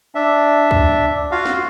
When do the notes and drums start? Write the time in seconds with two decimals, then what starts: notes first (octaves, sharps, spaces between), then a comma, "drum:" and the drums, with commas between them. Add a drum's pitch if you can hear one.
0.15 D4 E5
0.71 drum: kick C#2
1.31 F4 F#4 F5
1.45 drum: snare